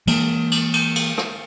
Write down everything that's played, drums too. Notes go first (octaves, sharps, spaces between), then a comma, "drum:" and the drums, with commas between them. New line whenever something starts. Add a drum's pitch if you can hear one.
E3 G#3 A#3, drum: cymbal
drum: cymbal
drum: cymbal
drum: cymbal
drum: rim click